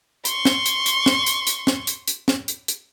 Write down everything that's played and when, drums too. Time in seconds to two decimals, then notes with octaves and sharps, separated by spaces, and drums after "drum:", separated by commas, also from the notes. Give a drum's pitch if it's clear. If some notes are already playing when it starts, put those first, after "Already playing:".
0.25 C6 C#6, drum: hi-hat
0.45 drum: snare
0.66 drum: hi-hat
0.86 drum: hi-hat
1.06 drum: snare
1.26 drum: hi-hat
1.47 drum: hi-hat
1.67 drum: snare
1.87 drum: hi-hat
2.08 drum: hi-hat
2.28 drum: snare
2.48 drum: hi-hat
2.68 drum: hi-hat